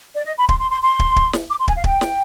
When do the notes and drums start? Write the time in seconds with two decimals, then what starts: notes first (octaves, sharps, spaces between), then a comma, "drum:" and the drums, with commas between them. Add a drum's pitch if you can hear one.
0.15 D5
0.26 D#5
0.37 B5
0.49 C6, drum: kick
0.60 C6
0.71 C6
0.82 C6
0.99 drum: kick
1.16 drum: kick
1.33 drum: snare
1.50 D6
1.59 C6
1.68 G#5, drum: kick
1.76 F5
1.84 G5, drum: kick
2.01 drum: snare